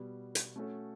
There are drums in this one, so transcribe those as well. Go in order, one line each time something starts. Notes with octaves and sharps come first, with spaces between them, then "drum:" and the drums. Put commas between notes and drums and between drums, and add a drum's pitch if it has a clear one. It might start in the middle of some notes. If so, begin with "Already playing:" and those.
Already playing: B2 G3 B3
drum: hi-hat
A3 C#4 F#4 A4